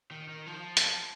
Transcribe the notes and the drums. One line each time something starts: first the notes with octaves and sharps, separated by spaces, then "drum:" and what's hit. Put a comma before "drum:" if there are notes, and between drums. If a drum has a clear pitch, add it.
D#3
D#3
F3
drum: hi-hat